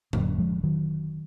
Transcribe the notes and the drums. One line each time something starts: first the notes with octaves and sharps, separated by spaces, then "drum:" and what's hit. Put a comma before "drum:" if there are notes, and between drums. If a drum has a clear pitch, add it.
F1 F2 D3 F#3 A#3, drum: tom A2
F3 G#3
D#3 F#3